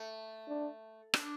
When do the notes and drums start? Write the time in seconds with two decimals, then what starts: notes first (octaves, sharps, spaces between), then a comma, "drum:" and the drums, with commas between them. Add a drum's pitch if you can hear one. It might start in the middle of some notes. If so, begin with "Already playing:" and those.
Already playing: A3
0.48 D4
1.14 D4, drum: rim click